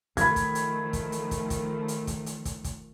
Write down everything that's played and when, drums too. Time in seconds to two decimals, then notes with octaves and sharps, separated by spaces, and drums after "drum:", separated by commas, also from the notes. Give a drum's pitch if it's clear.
0.17 D#3 F3 A3 B5 G#6, drum: kick, hi-hat
0.36 drum: kick, hi-hat
0.55 drum: hi-hat
0.93 drum: kick, hi-hat
1.12 drum: hi-hat
1.31 drum: kick, hi-hat
1.50 drum: kick, hi-hat
1.88 drum: hi-hat
2.07 drum: kick, hi-hat
2.26 drum: hi-hat
2.45 drum: kick, hi-hat
2.64 drum: kick, hi-hat